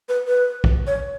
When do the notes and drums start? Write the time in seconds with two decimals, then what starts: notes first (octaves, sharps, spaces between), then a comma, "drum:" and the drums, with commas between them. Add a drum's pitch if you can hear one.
0.09 B4
0.28 B4
0.64 drum: kick
0.87 C#5